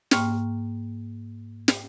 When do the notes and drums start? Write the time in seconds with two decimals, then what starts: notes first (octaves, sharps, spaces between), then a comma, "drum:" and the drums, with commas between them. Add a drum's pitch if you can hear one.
0.11 G#2 A#3 G5 C#6 F6, drum: snare
1.68 drum: snare